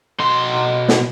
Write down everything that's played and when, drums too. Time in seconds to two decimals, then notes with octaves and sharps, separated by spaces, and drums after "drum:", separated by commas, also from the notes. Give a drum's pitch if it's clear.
0.20 B2 C6
0.88 drum: snare